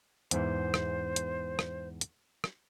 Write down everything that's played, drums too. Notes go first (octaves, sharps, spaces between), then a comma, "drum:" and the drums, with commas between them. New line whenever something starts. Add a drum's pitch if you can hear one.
E2 G#2 E3 C5, drum: hi-hat
drum: rim click
drum: hi-hat
drum: rim click
drum: hi-hat
drum: rim click